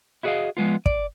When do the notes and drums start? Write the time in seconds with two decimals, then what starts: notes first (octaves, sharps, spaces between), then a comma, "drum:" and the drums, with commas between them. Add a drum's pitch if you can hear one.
0.23 E4 F#4 G#4 C#5 D#5 F5
0.57 F3 G#3 B3 F4
0.86 D5, drum: kick